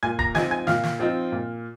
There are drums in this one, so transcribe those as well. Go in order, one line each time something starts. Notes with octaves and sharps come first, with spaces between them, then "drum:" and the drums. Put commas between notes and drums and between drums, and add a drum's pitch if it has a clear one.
A#2 G#5 G#6
A#5 A#6, drum: kick D#1
F3 C4 D#4 G#5 G#6, drum: snare
G#5 G#6
A#2 F5 F6, drum: snare
drum: snare
F3 C4 D#4
A#2